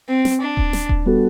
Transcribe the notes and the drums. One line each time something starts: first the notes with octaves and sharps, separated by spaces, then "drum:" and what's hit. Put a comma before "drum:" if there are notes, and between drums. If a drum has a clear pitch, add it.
C4
drum: snare
D4
drum: kick D#1
drum: snare
drum: kick D#1
G3 B3 F#4 A4